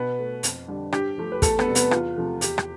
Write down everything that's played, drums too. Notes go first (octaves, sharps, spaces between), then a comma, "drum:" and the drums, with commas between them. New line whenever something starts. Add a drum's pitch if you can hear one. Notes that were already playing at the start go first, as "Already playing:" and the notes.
Already playing: B2 B3 B4
A3
F2, drum: hi-hat
D3 G3
G2 G4, drum: rim click
F3 A3
B4
E2 A3 A4, drum: kick, hi-hat
B3 B4, drum: rim click
C3 G3
B3 B4, drum: hi-hat
E2 F4, drum: rim click
C3 F3 A3
E2 G4, drum: hi-hat
drum: rim click